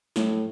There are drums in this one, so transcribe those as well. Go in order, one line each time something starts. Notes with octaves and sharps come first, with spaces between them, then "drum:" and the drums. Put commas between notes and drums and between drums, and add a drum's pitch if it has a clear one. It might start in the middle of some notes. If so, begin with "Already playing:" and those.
A2, drum: snare